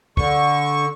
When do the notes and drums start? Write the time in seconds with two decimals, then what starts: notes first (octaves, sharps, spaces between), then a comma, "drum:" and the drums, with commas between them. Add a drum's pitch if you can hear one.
0.17 D3 C#6, drum: kick C#2